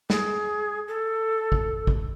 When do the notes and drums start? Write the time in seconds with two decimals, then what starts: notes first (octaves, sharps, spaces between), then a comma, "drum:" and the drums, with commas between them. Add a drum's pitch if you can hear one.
0.10 G#4, drum: snare
0.88 A4
1.52 drum: kick
1.87 drum: kick